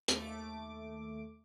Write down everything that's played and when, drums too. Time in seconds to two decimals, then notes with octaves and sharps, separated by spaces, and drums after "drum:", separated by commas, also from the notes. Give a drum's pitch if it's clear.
0.08 D#2 A3 D6, drum: hi-hat